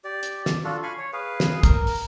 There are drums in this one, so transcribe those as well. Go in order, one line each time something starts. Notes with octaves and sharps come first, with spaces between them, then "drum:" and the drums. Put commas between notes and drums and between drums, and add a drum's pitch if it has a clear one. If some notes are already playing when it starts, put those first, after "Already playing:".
G4 D5
drum: hi-hat
drum: snare
D4 F4 F#4 A4
F5 G#5 B5 C#6
C#5
G#4 B4 F5
drum: snare
A#4, drum: kick, hi-hat
drum: open hi-hat